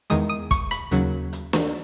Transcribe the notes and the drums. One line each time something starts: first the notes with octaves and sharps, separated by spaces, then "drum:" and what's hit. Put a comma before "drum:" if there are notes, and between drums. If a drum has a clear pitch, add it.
E2 D#3 G#3 D#6, drum: hi-hat
D#6
C#6, drum: kick, hi-hat
B5, drum: hi-hat
D#2 C#3 F#3, drum: hi-hat
drum: hi-hat
drum: snare